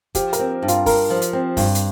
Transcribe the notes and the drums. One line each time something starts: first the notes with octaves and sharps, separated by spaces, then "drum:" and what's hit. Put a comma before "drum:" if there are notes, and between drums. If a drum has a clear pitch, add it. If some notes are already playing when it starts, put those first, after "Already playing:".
F3 G4, drum: kick, hi-hat
A#4, drum: hi-hat
C4
G2
F4, drum: hi-hat
A#4, drum: kick, open hi-hat
F3
drum: hi-hat
C4
G2, drum: kick, open hi-hat
drum: hi-hat